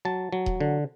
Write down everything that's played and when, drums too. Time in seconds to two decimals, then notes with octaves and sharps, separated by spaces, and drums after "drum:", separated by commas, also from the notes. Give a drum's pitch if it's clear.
0.05 F#3 A5
0.33 F#3
0.46 drum: kick D#1
0.61 D3